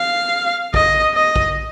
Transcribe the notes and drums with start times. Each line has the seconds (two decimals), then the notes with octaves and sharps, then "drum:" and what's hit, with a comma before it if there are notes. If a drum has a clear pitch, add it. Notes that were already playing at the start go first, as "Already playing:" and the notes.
Already playing: F5
0.74 D#5, drum: kick A#1
1.15 D#5
1.36 drum: kick A#1